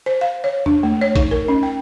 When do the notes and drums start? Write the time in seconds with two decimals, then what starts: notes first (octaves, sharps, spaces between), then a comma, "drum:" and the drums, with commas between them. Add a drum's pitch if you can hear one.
0.06 C5
0.21 F5
0.44 C#5
0.66 D4, drum: tom E2
0.83 A3
1.01 C#5
1.16 D#4, drum: kick A#1, hi-hat
1.31 A#4
1.48 C#4
1.63 G5